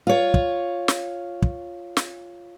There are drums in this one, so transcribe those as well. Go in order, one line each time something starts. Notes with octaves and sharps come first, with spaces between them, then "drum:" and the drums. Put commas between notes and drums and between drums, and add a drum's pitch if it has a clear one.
F4 C#5
drum: kick
drum: snare
drum: kick
drum: snare